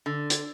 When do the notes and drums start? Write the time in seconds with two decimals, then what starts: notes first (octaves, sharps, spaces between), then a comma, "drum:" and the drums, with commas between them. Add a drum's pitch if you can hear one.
0.06 D3
0.30 drum: hi-hat